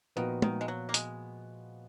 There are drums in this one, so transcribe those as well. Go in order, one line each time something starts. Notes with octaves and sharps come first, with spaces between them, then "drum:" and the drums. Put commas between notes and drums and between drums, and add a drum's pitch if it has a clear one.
A#2 D#3 F3 B3 F#4 B4
D#3, drum: tom
G#3
F#3
A#3
G#3, drum: hi-hat